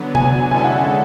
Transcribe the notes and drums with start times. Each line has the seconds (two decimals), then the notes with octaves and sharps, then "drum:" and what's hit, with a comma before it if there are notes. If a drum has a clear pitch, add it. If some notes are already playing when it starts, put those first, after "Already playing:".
Already playing: D3 F#3 B3
0.15 G#5, drum: tom C3
0.51 D3 G#3 C#4 E4 A4 G#5
0.64 F#5
0.76 F#5